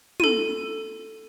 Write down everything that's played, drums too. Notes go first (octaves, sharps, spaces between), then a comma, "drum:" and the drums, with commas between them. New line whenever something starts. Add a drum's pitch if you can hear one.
A4 D#7, drum: tom